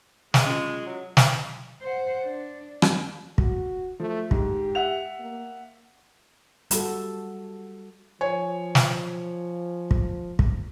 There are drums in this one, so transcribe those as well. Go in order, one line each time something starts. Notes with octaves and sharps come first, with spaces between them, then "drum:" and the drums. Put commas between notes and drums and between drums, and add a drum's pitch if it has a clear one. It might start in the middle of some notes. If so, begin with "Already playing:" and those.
G#3, drum: snare
C#4 F4
F#3
drum: snare
C5 F#5
D4
drum: rim click
F#4, drum: kick
F3 A3
G#2 G4, drum: kick
E5 F#5 F7
A#3
G3 F#4 A4, drum: hi-hat
F3 C#5 G#5
drum: snare
drum: kick
drum: kick